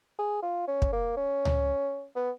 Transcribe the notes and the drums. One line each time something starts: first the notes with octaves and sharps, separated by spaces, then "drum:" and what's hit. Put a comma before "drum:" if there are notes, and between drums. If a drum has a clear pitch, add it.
G#4
F4
C#4
drum: kick
A#3
C#4
drum: tom C#2
B3